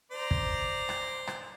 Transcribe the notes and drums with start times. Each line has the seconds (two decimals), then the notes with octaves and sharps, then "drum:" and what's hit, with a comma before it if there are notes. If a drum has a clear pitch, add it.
0.11 C5 D5 A#5
0.31 drum: kick
0.89 drum: rim click
1.27 drum: rim click